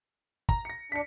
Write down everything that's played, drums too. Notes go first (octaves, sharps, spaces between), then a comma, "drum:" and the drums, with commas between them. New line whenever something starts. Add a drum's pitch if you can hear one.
A#5, drum: kick
A#6 C#7
D4 B6 C#7